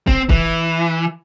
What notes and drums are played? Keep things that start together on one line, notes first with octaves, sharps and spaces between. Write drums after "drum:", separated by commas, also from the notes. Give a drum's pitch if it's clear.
C4, drum: kick
E3, drum: kick